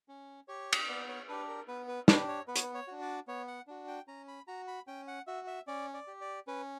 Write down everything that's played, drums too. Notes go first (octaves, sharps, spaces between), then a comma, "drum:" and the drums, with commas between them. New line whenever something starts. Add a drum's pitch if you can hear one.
C#4
G4 C#5
drum: cymbal
B3 D5
C#5
D4 G4 B4
A#4
B3 B4
B4
D4 G4 B4, drum: snare
C#5
B3 B4
C#5, drum: hi-hat
B4
C#5
D4 F#4
D5
B3 C#5
F#5
D4 F#4
G5
C#4 A#5
B5
F#4 A#5
B5
C#4 G5
F#5
F#4 E5
E5
C#4 D5
D5
G4
D5
C#4 B4